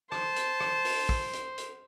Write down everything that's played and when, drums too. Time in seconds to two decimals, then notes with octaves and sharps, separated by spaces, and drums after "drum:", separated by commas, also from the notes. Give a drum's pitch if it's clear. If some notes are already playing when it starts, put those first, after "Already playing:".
0.12 C5 A5, drum: rim click
0.36 drum: hi-hat
0.60 drum: rim click
0.85 drum: open hi-hat
1.09 drum: kick
1.33 drum: hi-hat
1.58 drum: hi-hat